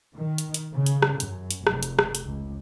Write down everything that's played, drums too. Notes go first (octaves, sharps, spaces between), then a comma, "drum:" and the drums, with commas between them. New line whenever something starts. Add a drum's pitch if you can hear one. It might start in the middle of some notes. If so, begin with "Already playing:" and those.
D#3
drum: hi-hat
drum: hi-hat
C#3
drum: hi-hat
drum: rim click
F#2, drum: hi-hat
drum: hi-hat
F1, drum: rim click
drum: hi-hat
drum: rim click
drum: hi-hat
C#2